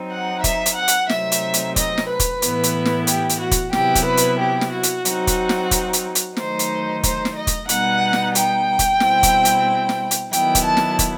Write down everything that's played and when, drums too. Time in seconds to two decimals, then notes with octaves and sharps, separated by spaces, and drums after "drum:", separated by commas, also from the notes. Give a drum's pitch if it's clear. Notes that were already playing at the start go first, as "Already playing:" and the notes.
Already playing: F#3 C4 D#4
0.11 F#5
0.44 E5, drum: kick, hi-hat
0.66 drum: hi-hat
0.77 F#5
0.88 drum: hi-hat
1.09 C3 F#3 A3 C4 D#4 E5, drum: snare
1.32 drum: hi-hat
1.54 drum: hi-hat
1.76 D#5, drum: kick, hi-hat
1.98 drum: snare
2.09 B4
2.20 drum: kick, hi-hat
2.42 A2 E3 B3 E4, drum: hi-hat
2.63 drum: hi-hat
2.85 drum: snare
3.07 G4, drum: hi-hat
3.29 drum: hi-hat
3.40 F#4
3.51 drum: kick, hi-hat
3.73 C3 F#3 B3 E4 G4, drum: snare
3.95 drum: kick, hi-hat
4.06 B4
4.17 drum: hi-hat
4.40 G4
4.61 drum: snare
4.72 F#4
4.83 drum: hi-hat
5.05 F#3 C4 D#4, drum: hi-hat
5.27 drum: kick, hi-hat
5.49 drum: snare
5.71 drum: kick, hi-hat
5.93 drum: hi-hat
6.15 drum: hi-hat
6.37 D#3 F#3 A3 D#4 C5, drum: snare
6.59 drum: hi-hat
7.03 C5, drum: kick, hi-hat
7.25 drum: snare
7.36 D#5
7.47 drum: kick, hi-hat
7.69 B2 G3 B3 D#4 F#5, drum: hi-hat
8.13 drum: snare
8.35 G5, drum: hi-hat
8.79 drum: kick, hi-hat
9.00 B2 G3 C4 E4, drum: snare
9.23 drum: kick, hi-hat
9.45 drum: hi-hat
9.89 drum: snare
10.11 drum: hi-hat
10.33 D#3 F#3 B3 E4 G5, drum: hi-hat
10.55 drum: kick, hi-hat
10.66 A5
10.77 drum: snare
10.99 drum: kick, hi-hat